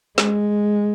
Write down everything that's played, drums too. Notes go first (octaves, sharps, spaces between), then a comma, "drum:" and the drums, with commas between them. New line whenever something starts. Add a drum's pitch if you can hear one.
G#3, drum: snare